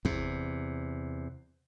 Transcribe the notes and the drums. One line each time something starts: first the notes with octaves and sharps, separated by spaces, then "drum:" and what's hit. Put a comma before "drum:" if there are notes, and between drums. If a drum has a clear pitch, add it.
E2 C3, drum: kick